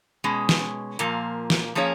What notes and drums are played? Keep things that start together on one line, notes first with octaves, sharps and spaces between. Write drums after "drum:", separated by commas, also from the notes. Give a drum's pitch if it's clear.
B2 G#3 C#4
drum: snare
A#2 F3 A#3, drum: hi-hat
drum: snare
F3 A#3 C#4 G#4 C#5